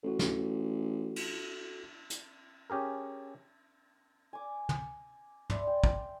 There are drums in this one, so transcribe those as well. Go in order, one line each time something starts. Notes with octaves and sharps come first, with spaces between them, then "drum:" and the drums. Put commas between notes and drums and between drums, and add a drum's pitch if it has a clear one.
A1 F#4 A4
drum: snare
drum: cymbal
drum: hi-hat
C#4 G4 G#4 A#4
G#5 D6
drum: tom
D5 E5 B5 C6, drum: tom
G5
drum: kick